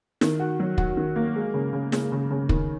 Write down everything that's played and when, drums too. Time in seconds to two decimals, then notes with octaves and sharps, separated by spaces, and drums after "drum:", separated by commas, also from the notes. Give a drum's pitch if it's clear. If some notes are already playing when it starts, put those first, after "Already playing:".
0.21 D#3, drum: snare
0.40 F#4
0.60 F#3
0.78 F#4, drum: kick
0.97 D#3
1.16 A#3
1.36 G#3
1.54 C#3
1.73 C#3
1.92 G#3, drum: snare
2.12 C#3
2.31 C#3
2.49 D#3, drum: kick